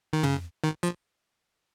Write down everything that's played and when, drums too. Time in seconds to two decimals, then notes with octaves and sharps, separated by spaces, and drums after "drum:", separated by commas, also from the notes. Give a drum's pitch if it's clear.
0.13 D#3
0.23 C#3, drum: tom
0.64 D#3
0.83 F3, drum: hi-hat